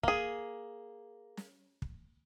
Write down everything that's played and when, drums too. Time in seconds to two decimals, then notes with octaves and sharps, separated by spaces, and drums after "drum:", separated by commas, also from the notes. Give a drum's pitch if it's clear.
0.03 A#3 G#4, drum: kick
1.37 drum: snare
1.82 drum: kick